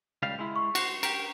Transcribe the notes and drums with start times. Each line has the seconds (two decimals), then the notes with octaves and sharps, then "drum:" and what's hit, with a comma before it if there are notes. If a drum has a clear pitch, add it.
0.23 C#2 G3 F5
0.39 G#3 E4
0.56 C#6
0.75 F#4 C5, drum: cymbal
1.03 G4 A#4, drum: cymbal